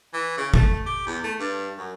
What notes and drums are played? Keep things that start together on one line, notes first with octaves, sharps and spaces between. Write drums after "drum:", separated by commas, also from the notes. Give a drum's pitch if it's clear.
E3
C#3
A3, drum: kick G1
G4
E2
A3
G2
F#2